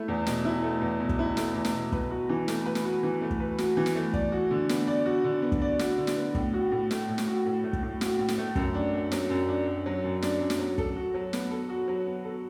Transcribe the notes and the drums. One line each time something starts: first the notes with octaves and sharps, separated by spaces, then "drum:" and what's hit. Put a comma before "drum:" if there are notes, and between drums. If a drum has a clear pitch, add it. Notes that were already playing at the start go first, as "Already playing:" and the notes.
Already playing: A3 E4
E2
B2, drum: snare
E4
A3
E2
B2
drum: kick
E4
A3, drum: snare
E2
drum: snare
B2
B4, drum: kick
F#4
E3
A3, drum: snare
B4
drum: snare
F#4
E3
A3
drum: kick
B4
F#4, drum: snare
E3
drum: snare
A3
D5, drum: kick
F#4
D3
B3, drum: snare
D5
F#4
D3
B3
drum: kick
D5
F#4, drum: snare
D3
drum: snare
B3
A2, drum: kick
F#4
A2
A3, drum: snare
A2
drum: snare
F#4
A2
A3
drum: kick
A2
F#4, drum: snare
A2
drum: snare
A3
F#2, drum: kick
D4
F#2
F#3, drum: snare
F#2
D4
F#2
F#3
F#2
D4, drum: snare
F#2
drum: snare
F#3
A4, drum: kick
F#4
F#3
B3, drum: snare
A4
F#4
F#3
B3
A4